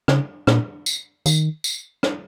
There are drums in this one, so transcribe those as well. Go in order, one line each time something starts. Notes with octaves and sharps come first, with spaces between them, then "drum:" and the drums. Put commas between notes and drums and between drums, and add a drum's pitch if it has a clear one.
C#3, drum: rim click
A#2, drum: rim click
drum: tambourine
D#3, drum: tambourine
drum: tambourine
drum: rim click